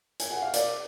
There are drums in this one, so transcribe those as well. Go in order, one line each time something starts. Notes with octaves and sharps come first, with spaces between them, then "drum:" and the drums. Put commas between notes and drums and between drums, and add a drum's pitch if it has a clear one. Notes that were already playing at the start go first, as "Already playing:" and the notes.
G#5, drum: hi-hat
F#5
F5
D5, drum: hi-hat